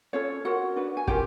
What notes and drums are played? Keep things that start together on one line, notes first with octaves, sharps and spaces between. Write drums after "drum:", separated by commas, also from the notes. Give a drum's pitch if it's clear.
C#4 F4 A4 C#5
F4 F#4 A#4 F#5
D4 F#4 B4
G#5
C#4 F4 G4 A#4 G5, drum: kick